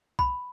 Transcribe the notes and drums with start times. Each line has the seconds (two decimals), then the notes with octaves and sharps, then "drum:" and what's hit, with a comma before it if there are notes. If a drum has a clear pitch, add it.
0.19 B5, drum: kick